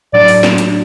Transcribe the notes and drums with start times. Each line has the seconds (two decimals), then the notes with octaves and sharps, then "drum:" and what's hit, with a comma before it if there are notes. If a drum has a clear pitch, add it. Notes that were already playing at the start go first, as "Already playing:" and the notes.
0.13 A2 F#3 D4 D5
0.28 drum: open hi-hat
0.43 drum: snare
0.58 drum: hi-hat